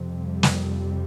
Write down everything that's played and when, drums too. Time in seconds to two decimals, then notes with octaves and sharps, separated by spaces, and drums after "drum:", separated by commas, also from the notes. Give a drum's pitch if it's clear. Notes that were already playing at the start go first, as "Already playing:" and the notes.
Already playing: F2 C3
0.13 G3
0.43 drum: snare